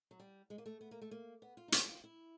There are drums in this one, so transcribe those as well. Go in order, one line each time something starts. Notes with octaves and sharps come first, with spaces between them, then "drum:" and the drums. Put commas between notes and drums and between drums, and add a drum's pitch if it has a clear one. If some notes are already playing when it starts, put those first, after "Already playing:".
F#3
G3
G#3
A#3
A3
B3
A#3
A3
A#3
B3
F4
D#4
E4, drum: hi-hat
F4
E4